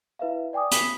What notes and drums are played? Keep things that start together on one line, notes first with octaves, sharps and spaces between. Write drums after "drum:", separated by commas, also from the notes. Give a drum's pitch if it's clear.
E4 B4 E5 F5
D5 G5 G#5 D6 D#6
B5 D#6 B6, drum: hi-hat